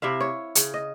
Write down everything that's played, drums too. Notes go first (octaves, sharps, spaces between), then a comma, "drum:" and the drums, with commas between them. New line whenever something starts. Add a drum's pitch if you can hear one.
C3 E4 E5 F5
C#5
C#3, drum: hi-hat
D#5